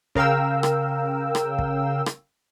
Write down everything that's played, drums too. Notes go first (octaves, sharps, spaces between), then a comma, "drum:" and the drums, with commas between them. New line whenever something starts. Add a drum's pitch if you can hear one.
C#3 A#4 F5 G5 E6, drum: kick
drum: rim click
drum: rim click
drum: kick
drum: rim click